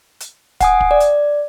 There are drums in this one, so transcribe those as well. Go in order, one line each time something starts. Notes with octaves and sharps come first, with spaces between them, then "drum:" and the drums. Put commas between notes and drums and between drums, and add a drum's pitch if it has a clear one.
drum: hi-hat
F#5 G#5 D#6, drum: kick, hi-hat
drum: kick
D5
drum: hi-hat